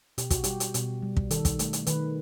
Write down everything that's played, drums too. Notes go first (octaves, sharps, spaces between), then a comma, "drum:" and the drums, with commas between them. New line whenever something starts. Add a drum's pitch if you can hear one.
B2 G4, drum: hi-hat
F#4, drum: kick, hi-hat
G3 G4, drum: hi-hat
drum: hi-hat
B2, drum: hi-hat
G3
drum: kick
D#3 A4, drum: hi-hat
drum: kick, hi-hat
A3, drum: hi-hat
drum: hi-hat
D#3 B4, drum: hi-hat